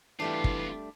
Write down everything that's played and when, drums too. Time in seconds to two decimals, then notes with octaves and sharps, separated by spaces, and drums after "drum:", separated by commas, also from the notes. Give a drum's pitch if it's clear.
0.20 E3 G3 A3 B3 D4 F4
0.44 drum: kick